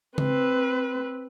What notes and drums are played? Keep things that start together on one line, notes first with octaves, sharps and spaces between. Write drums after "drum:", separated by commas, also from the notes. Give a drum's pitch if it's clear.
C4 B4, drum: tom C#3